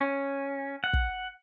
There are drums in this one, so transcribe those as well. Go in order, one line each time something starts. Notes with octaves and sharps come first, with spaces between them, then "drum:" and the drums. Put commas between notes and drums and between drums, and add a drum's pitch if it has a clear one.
C#4
F#5
drum: kick